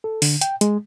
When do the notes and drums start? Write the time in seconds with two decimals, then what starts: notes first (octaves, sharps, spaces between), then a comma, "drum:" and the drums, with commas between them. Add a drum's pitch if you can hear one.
0.04 A4
0.22 D3, drum: open hi-hat
0.41 G5, drum: hi-hat
0.61 G#3, drum: hi-hat